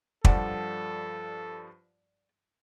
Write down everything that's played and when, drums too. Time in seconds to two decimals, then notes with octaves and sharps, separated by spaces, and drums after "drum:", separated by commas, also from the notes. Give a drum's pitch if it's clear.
0.25 G2 F3 G3 A4 D5 F#5 A5, drum: kick